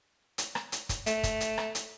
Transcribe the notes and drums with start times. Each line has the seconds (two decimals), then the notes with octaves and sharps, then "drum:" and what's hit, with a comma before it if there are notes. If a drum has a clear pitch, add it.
0.38 drum: hi-hat
0.55 drum: rim click
0.72 drum: hi-hat
0.89 drum: kick, hi-hat
1.06 A3, drum: hi-hat
1.23 drum: kick, hi-hat
1.41 drum: hi-hat
1.58 drum: rim click
1.75 drum: hi-hat